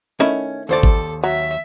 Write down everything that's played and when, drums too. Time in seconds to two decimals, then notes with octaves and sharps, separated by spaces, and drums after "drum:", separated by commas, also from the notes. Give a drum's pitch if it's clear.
0.20 D#3 A3 C#4 E4
0.69 D#2 A4 C5 D5
0.83 drum: kick
1.24 F#3 E5